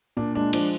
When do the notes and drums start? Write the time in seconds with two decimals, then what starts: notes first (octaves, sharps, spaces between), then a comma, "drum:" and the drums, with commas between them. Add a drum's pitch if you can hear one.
0.17 A#2 D4
0.35 G#3 D4
0.53 F3 D4, drum: cymbal